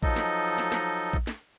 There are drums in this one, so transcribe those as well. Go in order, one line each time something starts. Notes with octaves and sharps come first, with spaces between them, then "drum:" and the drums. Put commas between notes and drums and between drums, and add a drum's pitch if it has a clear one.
F3 F#3 D#4 A4 D#5, drum: kick A#1
drum: snare
drum: snare
drum: snare
drum: kick A#1
drum: snare